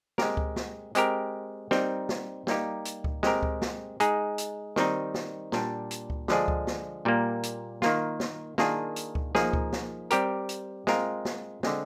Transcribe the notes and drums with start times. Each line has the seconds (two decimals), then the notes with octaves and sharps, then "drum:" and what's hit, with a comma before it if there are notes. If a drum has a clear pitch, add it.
0.18 G#3 C4 G4 A#4, drum: snare
0.37 drum: kick C#2
0.56 drum: snare
0.95 G#3 C4 G4 A#4, drum: hi-hat
1.71 G3 C4 D#4 A#4, drum: snare
2.09 drum: snare
2.47 G3 A#3 D#4 G4, drum: snare
2.85 drum: hi-hat
3.04 drum: kick C#2
3.23 G#3 C4 G4 A#4, drum: snare
3.43 drum: kick C#2
3.62 drum: snare
4.00 G#3 D#4 G#4, drum: hi-hat
4.38 drum: hi-hat
4.76 D#3 G3 C4 D#4, drum: snare
5.14 drum: snare
5.52 A#2 G3 D4, drum: snare
5.91 drum: hi-hat
6.10 drum: kick C#2
6.28 D3 F3 G#3 D4 G#4, drum: snare
6.48 drum: kick C#2
6.67 drum: snare
7.05 A#2 G3 A#3
7.43 drum: hi-hat
7.82 D#3 A#3 F4, drum: snare
8.20 drum: snare
8.58 D#3 A#3 D4 F4 G#4, drum: snare
8.96 drum: hi-hat
9.15 drum: kick C#2
9.35 F3 A#3 D#4 G#4, drum: snare
9.53 drum: kick C#2
9.72 drum: snare
10.11 G3 C4 G4 A#4, drum: hi-hat
10.49 drum: hi-hat
10.87 G#3 C4 F4 A#4, drum: snare
11.25 drum: snare
11.63 D3 G#3 C4, drum: snare